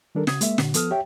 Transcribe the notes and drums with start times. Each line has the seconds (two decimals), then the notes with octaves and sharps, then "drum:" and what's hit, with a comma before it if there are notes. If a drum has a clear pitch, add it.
0.15 D#3 G3 D4 A4 A#4
0.27 C#3 D#6 G#6, drum: snare
0.41 G#3 A#3 E5, drum: hi-hat
0.58 A#2 D3, drum: snare
0.74 F3 B3 A4 D#6 F6, drum: hi-hat
0.91 G4 C#5 E5 G5